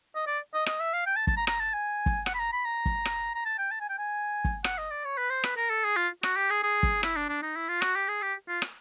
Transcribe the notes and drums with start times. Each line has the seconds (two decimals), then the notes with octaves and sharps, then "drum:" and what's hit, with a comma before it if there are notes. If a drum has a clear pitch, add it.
0.15 D#5
0.27 D5
0.54 D#5
0.66 D#5, drum: rim click
0.81 E5
0.93 F5
1.06 G5
1.16 A5
1.27 A5, drum: kick
1.37 A#5
1.47 A#5, drum: rim click
1.60 A5
1.74 G#5
2.06 drum: kick
2.26 F#5, drum: rim click
2.34 B5
2.39 A#5
2.52 B5
2.65 A#5
2.86 drum: kick
3.05 drum: rim click
3.35 A#5
3.45 A5
3.58 G5
3.71 A5
3.81 G#5
3.89 G5
3.98 G#5
4.45 drum: kick
4.64 F#5, drum: rim click
4.78 D#5
4.91 D5
5.05 C#5
5.17 B4
5.30 C5
5.44 B4, drum: rim click
5.57 A#4
5.70 A4
5.84 G#4
5.96 F4
6.23 F#4, drum: rim click
6.36 G4
6.50 G#4
6.63 G#4
6.83 drum: kick
7.03 E4, drum: rim click
7.16 D4
7.29 D4
7.42 D#4
7.56 E4
7.68 F4
7.82 F#4, drum: rim click
7.96 G4
8.08 G#4
8.22 G4
8.48 F4
8.62 drum: rim click